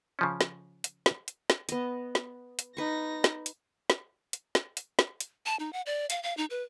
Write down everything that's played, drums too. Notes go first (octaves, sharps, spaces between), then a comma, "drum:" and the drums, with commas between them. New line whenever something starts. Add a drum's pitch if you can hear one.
C#3 F3 C#4
drum: snare
drum: hi-hat
drum: snare
drum: hi-hat
drum: snare
B3 D#5, drum: hi-hat
drum: snare
drum: hi-hat
D#4 B4 C#6 A#6
drum: snare
drum: hi-hat
drum: snare
drum: hi-hat
drum: snare
drum: hi-hat
drum: snare
drum: hi-hat
A5
D#4
F#5
D5
F5, drum: hi-hat
F5
D#4
B4